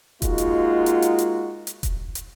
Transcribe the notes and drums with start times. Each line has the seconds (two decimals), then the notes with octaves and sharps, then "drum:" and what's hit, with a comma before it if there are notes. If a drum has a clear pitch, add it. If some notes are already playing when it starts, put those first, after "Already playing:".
0.22 G#3 A#3 D#4 F4 F#4, drum: kick E1, hi-hat
0.38 drum: hi-hat
0.86 drum: hi-hat
1.02 drum: hi-hat
1.18 drum: hi-hat
1.67 drum: hi-hat
1.83 drum: kick E1, hi-hat
2.15 drum: hi-hat